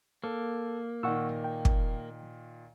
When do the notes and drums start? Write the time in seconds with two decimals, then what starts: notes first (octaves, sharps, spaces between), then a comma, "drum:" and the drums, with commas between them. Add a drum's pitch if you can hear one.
0.24 A#3 A4
1.03 A#2 D#3 F#5 C#6 E6
1.44 G5
1.65 drum: kick